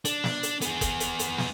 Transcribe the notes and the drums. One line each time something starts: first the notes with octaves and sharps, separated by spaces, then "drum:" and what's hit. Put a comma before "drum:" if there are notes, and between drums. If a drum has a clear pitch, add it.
D4, drum: hi-hat
drum: snare
drum: hi-hat
B3 G#4, drum: hi-hat
drum: kick F#1, hi-hat
drum: hi-hat
drum: hi-hat
drum: snare